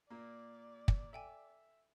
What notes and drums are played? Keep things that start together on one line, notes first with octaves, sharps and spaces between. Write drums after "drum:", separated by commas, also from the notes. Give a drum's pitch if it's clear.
A#2 A#3 D5
drum: kick
A4 E5 G5 G#5